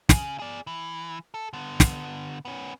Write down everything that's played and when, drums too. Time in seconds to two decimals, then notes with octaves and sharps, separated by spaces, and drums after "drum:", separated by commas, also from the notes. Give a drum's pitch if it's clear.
0.09 C#3, drum: snare
0.39 G#4 D5
0.67 E3
1.34 A4
1.53 D3 B3
1.80 drum: snare
2.45 B3 C#4